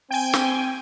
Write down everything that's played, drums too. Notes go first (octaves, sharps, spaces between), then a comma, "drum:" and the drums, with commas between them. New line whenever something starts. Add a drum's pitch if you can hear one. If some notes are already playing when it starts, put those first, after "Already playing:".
C4 G5 G#5
drum: snare